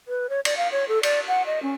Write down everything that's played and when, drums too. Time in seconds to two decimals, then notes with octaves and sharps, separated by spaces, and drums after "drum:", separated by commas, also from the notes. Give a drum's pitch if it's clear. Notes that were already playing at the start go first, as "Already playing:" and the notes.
0.08 B4
0.30 C#5
0.45 D5, drum: cymbal
0.57 F5
0.72 C#5
0.88 A4
1.03 D5, drum: cymbal
1.28 F#5
1.46 D#5
1.63 C#4